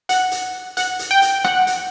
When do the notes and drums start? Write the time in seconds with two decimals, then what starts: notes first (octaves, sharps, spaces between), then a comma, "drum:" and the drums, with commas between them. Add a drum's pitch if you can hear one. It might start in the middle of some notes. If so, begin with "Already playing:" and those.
0.09 F#5, drum: hi-hat
0.32 drum: hi-hat
0.77 F#5, drum: hi-hat
0.99 drum: hi-hat
1.11 G5
1.22 drum: hi-hat
1.44 F#5, drum: rim click
1.67 drum: hi-hat